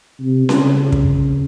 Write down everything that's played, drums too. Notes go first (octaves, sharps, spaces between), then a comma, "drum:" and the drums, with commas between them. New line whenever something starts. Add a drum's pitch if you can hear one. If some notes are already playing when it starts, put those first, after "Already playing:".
C3
C#3, drum: snare C#4
drum: kick